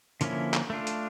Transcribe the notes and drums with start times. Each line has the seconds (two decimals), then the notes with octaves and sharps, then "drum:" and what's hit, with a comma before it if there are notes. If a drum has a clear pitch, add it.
0.21 D3 F3 A#3 C#4 E4, drum: hi-hat
0.54 drum: clap
0.70 A3 D4 F4
0.87 drum: hi-hat